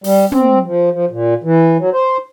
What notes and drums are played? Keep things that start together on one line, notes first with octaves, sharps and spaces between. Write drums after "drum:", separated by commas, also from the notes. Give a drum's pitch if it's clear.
G3, drum: open hi-hat
C4, drum: tom
F3
F3
A#2
E3
F#3
C5